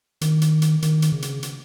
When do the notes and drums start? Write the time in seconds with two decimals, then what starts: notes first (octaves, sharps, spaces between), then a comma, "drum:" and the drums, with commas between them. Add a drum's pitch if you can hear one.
0.21 D#3, drum: hi-hat
0.42 drum: hi-hat
0.62 drum: hi-hat
0.82 D#3, drum: hi-hat
1.02 drum: hi-hat
1.12 C#3
1.22 drum: hi-hat
1.43 drum: hi-hat